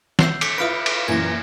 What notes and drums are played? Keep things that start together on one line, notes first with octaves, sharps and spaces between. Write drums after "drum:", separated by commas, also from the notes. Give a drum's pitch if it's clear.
E6 G6 C7, drum: snare
D6 B6 C#7, drum: cymbal
E4 F4 B4 D#6 F6 D7
drum: cymbal
F#2 A#2 E3 G#6 A#6